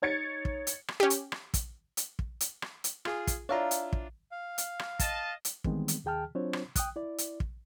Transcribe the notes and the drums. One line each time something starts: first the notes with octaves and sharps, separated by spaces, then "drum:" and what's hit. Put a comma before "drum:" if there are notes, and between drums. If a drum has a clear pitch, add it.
D#4 C#5 G#6 A6 C#7
drum: kick
drum: hi-hat
drum: rim click
C#4 G4
drum: hi-hat
drum: rim click
drum: kick, hi-hat
drum: hi-hat
drum: kick
drum: hi-hat
drum: rim click
drum: hi-hat
F4 G#4, drum: rim click
drum: kick, hi-hat
D4 E4 F4 C#5 F5 A#5
drum: hi-hat
drum: kick
F5
drum: hi-hat
drum: rim click
D#5 A5, drum: kick, hi-hat
drum: hi-hat
D#3 E3 G3 G#3 B3 C4, drum: kick
drum: hi-hat
D#2 D#3 G#4 G5 A5 F6
F#3 C4 D4 F4 C5 C#5
drum: rim click
G5 D#6 F#6, drum: kick, hi-hat
E4 D5
drum: hi-hat
drum: kick